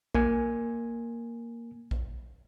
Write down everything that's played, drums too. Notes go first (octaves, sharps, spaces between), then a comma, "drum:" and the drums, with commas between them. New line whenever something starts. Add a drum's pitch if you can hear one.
A#3 G#5, drum: kick A#1
drum: kick A#1